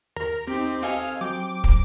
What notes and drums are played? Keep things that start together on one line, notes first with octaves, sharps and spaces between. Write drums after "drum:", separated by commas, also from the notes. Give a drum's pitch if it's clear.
D#2 A#4
C4 D#4 G4
C4 A4 D#5 F5 G#5
F#3 G5 D6
drum: kick